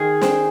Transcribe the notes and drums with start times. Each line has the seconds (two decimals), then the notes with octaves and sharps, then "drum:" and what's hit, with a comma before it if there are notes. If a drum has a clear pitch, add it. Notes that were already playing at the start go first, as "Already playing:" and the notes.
Already playing: D#3 G#4
0.21 C4, drum: snare